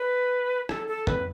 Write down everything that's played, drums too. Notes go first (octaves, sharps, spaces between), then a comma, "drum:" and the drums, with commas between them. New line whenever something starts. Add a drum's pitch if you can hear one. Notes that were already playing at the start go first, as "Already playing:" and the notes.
Already playing: B4
A4, drum: rim click
A4
B4, drum: tom F2